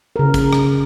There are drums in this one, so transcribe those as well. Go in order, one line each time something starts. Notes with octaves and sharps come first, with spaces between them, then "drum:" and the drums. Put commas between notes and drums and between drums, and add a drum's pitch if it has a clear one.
C#3 A#4
drum: kick, hi-hat
drum: rim click